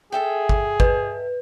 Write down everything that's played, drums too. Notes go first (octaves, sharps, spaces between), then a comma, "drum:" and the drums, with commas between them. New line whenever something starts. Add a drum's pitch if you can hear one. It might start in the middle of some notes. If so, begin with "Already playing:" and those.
G#4 A4 E5 G5
drum: kick
B4, drum: kick